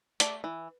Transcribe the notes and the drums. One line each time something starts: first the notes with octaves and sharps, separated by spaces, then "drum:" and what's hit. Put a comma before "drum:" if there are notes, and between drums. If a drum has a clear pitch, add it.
A3 D5, drum: hi-hat
E3